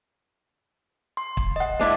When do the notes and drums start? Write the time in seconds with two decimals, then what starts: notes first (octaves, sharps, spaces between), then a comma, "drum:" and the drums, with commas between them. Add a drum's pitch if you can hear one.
1.17 C6
1.37 drum: kick
1.56 D#5 F#5
1.79 G#3 D4 E4